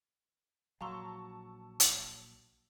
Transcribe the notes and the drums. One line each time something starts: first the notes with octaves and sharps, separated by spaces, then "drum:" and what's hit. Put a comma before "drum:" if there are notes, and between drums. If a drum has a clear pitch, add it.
A#1 F#3 F5 A5 A#5 C6 C#6 E6
drum: hi-hat